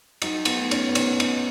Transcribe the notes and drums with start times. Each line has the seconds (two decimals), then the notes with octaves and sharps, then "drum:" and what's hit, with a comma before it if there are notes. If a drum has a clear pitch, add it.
0.22 F#3 D#4, drum: cymbal
0.45 B3, drum: cymbal
0.58 A3
0.71 C#4, drum: cymbal
0.89 B3
0.95 B2 C#4, drum: cymbal
1.20 D#4, drum: cymbal